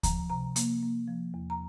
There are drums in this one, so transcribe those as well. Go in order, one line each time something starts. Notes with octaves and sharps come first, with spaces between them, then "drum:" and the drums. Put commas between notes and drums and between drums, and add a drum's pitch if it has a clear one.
F3 A#5, drum: kick D2, hi-hat
C3 A#5
A#3, drum: hi-hat
A#3
F3
E2
A#5